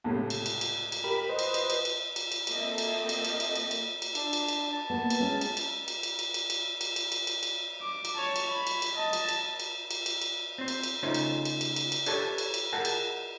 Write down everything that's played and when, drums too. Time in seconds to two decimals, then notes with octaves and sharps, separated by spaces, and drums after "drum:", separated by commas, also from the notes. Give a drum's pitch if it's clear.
0.04 C#2 A2 C3
0.30 drum: cymbal
0.46 drum: cymbal
0.61 drum: cymbal
0.92 drum: cymbal
1.04 G4 A#4 B5
1.29 B4 C5 D#5
1.39 drum: cymbal
1.54 drum: cymbal
1.70 drum: cymbal
1.85 drum: cymbal
2.16 drum: cymbal
2.32 drum: cymbal
2.47 A#3 C4 A4 D#5 E5, drum: cymbal
2.78 drum: cymbal
3.09 drum: cymbal
3.25 drum: cymbal
3.40 drum: cymbal
3.56 drum: cymbal
3.71 drum: cymbal
4.02 drum: cymbal
4.15 D4, drum: cymbal
4.33 drum: cymbal
4.48 drum: cymbal
4.73 A5
4.90 A#3 B3
5.10 drum: cymbal
5.20 G#3 C#4
5.41 drum: cymbal
5.57 drum: cymbal
5.88 drum: cymbal
6.03 drum: cymbal
6.19 drum: cymbal
6.34 drum: cymbal
6.50 drum: cymbal
6.81 drum: cymbal
6.96 drum: cymbal
7.12 drum: cymbal
7.27 drum: cymbal
7.43 drum: cymbal
7.81 D6
8.05 drum: cymbal
8.14 C#5 A5
8.36 drum: cymbal
8.51 B5
8.67 drum: cymbal
8.82 drum: cymbal
8.95 D#5 A5
9.13 drum: cymbal
9.29 drum: cymbal
9.60 drum: cymbal
9.91 drum: cymbal
10.06 drum: cymbal
10.22 drum: cymbal
10.58 C4 C5
10.68 drum: cymbal
10.83 drum: cymbal
11.03 C#3 A3 C#4 D#4 F4 C5
11.14 drum: cymbal
11.45 drum: cymbal
11.61 drum: cymbal
11.76 drum: cymbal
11.92 drum: cymbal
12.06 G4 A4 B4 C#5 D5 A5, drum: cymbal
12.38 drum: cymbal
12.54 drum: cymbal
12.73 G#4 A#4 F#5 G5 A5
12.85 drum: cymbal